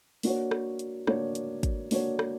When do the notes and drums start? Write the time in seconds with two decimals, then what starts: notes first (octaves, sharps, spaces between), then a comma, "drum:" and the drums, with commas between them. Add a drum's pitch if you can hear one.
0.23 A#3 D4 F#4 C#5, drum: open hi-hat
0.51 drum: rim click
0.79 drum: hi-hat
1.07 A#3 D4 F#4 C#5, drum: rim click
1.35 drum: hi-hat
1.63 drum: kick, hi-hat
1.91 A#3 D4 F#4 C#5, drum: open hi-hat
2.19 drum: rim click